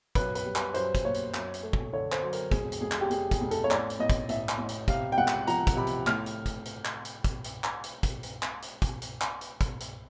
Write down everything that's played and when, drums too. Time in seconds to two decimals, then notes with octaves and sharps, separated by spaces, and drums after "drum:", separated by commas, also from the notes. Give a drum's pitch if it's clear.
0.15 F#2 B4, drum: kick, hi-hat
0.35 B4, drum: hi-hat
0.46 G3
0.56 B4, drum: clap
0.74 F#2 C5, drum: hi-hat
0.95 drum: kick, hi-hat
1.05 A#3 C#5
1.14 drum: hi-hat
1.34 F#2, drum: clap
1.54 drum: hi-hat
1.63 A3
1.73 drum: kick
1.93 D3 C#5
2.12 C5, drum: clap
2.23 F#3
2.33 A#4, drum: hi-hat
2.51 F1 G#4, drum: kick, hi-hat
2.72 drum: hi-hat
2.81 F1 G#4
2.91 drum: clap
3.01 G4
3.11 F1 G#4, drum: hi-hat
3.31 G#4, drum: kick, hi-hat
3.41 F1
3.51 A4, drum: hi-hat
3.64 C#5
3.71 A1 D5, drum: clap
3.90 drum: hi-hat
3.99 A1 D#5
4.10 drum: kick, hi-hat
4.29 A1 E5, drum: hi-hat
4.49 drum: clap
4.58 A1
4.69 drum: hi-hat
4.88 C3 F5, drum: kick, hi-hat
5.12 G5
5.18 C#2 F#5
5.28 drum: clap
5.47 F3 A#5, drum: hi-hat
5.67 drum: kick, hi-hat
5.77 C3 B5
5.87 drum: hi-hat
6.07 A2 F6, drum: clap
6.26 drum: hi-hat
6.46 drum: kick, hi-hat
6.65 drum: hi-hat
6.85 drum: clap
7.05 drum: hi-hat
7.24 drum: kick, hi-hat
7.44 drum: hi-hat
7.64 drum: clap
7.84 drum: hi-hat
8.03 drum: kick, hi-hat
8.23 drum: hi-hat
8.43 drum: clap
8.62 drum: hi-hat
8.82 drum: kick, hi-hat
9.02 drum: hi-hat
9.21 drum: clap
9.41 drum: hi-hat
9.61 drum: kick, hi-hat
9.80 drum: hi-hat